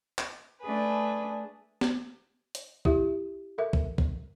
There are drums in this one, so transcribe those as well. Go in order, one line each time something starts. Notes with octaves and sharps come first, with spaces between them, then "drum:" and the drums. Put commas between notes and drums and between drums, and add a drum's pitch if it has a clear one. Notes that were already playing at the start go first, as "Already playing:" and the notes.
drum: clap
A3 D4 G#4 B4 G#5
drum: snare
drum: hi-hat
E4 G4 E5, drum: kick
A4 A#4 E5
drum: kick
drum: kick